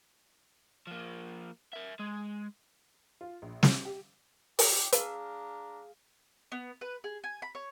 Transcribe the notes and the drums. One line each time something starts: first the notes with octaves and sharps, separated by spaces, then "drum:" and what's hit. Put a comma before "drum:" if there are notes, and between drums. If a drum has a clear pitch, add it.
F3 A#3
A#4 E5
G#3
F4
A#1
drum: snare
G4
G4, drum: open hi-hat
D4 G#4 F5 A#5, drum: hi-hat
B3
B4
G#4
G#5
B5
C#5